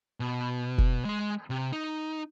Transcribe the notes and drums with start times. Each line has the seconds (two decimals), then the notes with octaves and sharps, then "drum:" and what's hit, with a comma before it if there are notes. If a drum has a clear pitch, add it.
0.20 B2
0.78 drum: kick F1
1.05 G#3 C6
1.50 C3
1.73 D#4